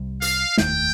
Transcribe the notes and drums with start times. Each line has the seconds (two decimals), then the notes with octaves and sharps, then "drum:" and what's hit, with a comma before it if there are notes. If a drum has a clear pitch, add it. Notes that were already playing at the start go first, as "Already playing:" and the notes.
Already playing: C2 C3 G3
0.22 F5, drum: hi-hat
0.57 F1 D#2 D#3 A3 G5, drum: snare